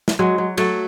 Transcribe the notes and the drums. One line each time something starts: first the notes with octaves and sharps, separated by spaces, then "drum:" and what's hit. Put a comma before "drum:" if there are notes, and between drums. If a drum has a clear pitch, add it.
drum: snare
F#3 G#3
F#3
F#3 A3, drum: cymbal